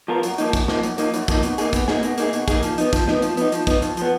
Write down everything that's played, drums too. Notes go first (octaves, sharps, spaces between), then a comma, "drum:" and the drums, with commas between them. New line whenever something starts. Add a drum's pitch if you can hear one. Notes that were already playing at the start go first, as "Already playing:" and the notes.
F3 B3 F4 A#4
F#2, drum: hi-hat
F3 A#3 D#4, drum: hi-hat
F#2, drum: kick, hi-hat
F3 A#3 D#4, drum: snare
F#2, drum: hi-hat
F3 A#3 D#4, drum: hi-hat
F#2, drum: hi-hat
F3 A#3 D#4, drum: kick, hi-hat
B2, drum: hi-hat
A#3 D#4 G#4, drum: hi-hat
B2, drum: kick, hi-hat
A#3 D#4 G#4, drum: snare
B2, drum: hi-hat
A#3 D#4 G#4, drum: hi-hat
B2, drum: hi-hat
A#3 D#4 G#4, drum: kick, hi-hat
F3, drum: hi-hat
B3 D#4, drum: hi-hat
F3, drum: kick, hi-hat
B3 D#4, drum: snare
F3, drum: hi-hat
B3 D#4, drum: hi-hat
F3, drum: hi-hat
B3 D#4, drum: kick, hi-hat
F2, drum: hi-hat
F3 B3, drum: hi-hat